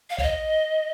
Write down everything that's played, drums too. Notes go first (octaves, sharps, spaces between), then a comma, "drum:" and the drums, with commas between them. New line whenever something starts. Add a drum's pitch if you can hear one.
F5
C#5, drum: kick A#1
D#5